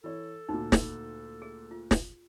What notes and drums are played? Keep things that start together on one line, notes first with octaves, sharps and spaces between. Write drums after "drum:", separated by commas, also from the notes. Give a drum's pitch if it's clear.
E3 A4 C#5
D2 A#2 D#4
drum: snare
G#4
F4
drum: snare